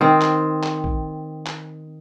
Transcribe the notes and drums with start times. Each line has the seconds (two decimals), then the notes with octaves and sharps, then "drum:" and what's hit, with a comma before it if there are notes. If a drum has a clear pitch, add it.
0.01 D#3 C4
0.22 drum: clap
0.63 drum: clap
0.84 drum: kick A#1
1.46 drum: clap